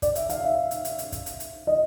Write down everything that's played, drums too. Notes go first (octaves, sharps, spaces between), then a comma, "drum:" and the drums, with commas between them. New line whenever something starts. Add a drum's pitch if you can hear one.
D5, drum: kick, hi-hat
E5, drum: hi-hat
F5, drum: hi-hat
E5
drum: hi-hat
drum: hi-hat
drum: hi-hat
drum: kick, hi-hat
drum: hi-hat
drum: hi-hat
D#5